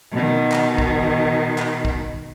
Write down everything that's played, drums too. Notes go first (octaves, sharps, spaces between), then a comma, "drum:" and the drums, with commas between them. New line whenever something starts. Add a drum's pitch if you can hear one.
B2 D#3
drum: clap
drum: kick
drum: clap
drum: kick